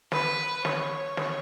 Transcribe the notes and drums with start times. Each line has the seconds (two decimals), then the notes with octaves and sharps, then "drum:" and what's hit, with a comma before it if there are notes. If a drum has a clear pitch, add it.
0.12 B4, drum: snare
0.65 C#5, drum: snare
1.17 drum: snare